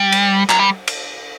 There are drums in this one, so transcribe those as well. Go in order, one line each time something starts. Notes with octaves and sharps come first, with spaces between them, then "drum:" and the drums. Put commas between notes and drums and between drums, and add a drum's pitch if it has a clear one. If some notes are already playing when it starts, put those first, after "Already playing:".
Already playing: G3
drum: cymbal
F#3, drum: clap
G3
drum: cymbal